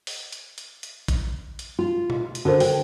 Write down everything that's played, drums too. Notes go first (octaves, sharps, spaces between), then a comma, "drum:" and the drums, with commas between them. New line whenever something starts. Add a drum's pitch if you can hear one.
drum: open hi-hat
drum: hi-hat
drum: hi-hat
drum: hi-hat
drum: kick, hi-hat
drum: hi-hat
F4
drum: tom B2
drum: hi-hat
D3 F#4 A#4 C5
G5, drum: open hi-hat